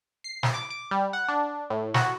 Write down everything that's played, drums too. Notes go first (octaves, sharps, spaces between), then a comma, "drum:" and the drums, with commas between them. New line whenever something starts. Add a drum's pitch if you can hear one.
C7
drum: snare
D6
D6
G3
F#5
D4
A2
F#4, drum: snare